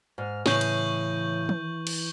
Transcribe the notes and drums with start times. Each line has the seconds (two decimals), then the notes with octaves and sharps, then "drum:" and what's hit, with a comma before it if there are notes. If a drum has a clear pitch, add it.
0.18 G#2 F6
0.46 A2 C#3 E3 C#6 G6 F#7, drum: snare
0.61 drum: cymbal
1.49 drum: tom D#3
1.87 drum: cymbal